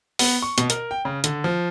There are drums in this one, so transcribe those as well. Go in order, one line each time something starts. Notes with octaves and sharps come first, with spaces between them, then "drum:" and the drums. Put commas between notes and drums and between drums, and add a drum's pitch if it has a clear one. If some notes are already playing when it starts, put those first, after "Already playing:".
B3, drum: open hi-hat
C#6
B2, drum: hi-hat
A#4, drum: hi-hat
G5
C#3
D3, drum: hi-hat
F3